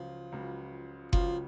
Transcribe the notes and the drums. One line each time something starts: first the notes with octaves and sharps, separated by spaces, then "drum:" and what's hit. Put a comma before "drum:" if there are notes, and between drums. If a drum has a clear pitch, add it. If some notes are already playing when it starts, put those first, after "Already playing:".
Already playing: C#2 C#3 F3 F#3
C#2 C#3 F#3
C#2 C#3 F3 F#3, drum: kick F#1